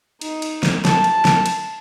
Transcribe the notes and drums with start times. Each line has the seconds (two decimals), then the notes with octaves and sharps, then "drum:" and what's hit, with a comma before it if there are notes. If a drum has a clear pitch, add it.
0.21 D#4, drum: cymbal
0.42 drum: cymbal
0.63 drum: snare
0.85 A5, drum: snare
1.04 drum: cymbal
1.25 drum: snare
1.46 drum: cymbal